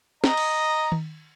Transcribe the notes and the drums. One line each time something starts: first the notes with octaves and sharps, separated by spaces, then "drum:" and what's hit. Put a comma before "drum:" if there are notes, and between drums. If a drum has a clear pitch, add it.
D#5 A#5, drum: snare
drum: cymbal
drum: tom D#3